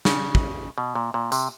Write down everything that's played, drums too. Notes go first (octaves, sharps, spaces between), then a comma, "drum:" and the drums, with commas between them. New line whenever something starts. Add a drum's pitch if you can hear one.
C#3, drum: snare
drum: kick
B2
A#2
A#2
C3, drum: tambourine